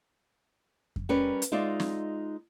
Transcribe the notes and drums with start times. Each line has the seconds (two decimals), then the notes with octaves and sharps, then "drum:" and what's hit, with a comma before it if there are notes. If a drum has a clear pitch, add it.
0.96 drum: kick F2
1.09 G3 C#4 A#4 B4
1.42 drum: hi-hat
1.52 G#3 D#4 F4 D5 E5
1.80 drum: snare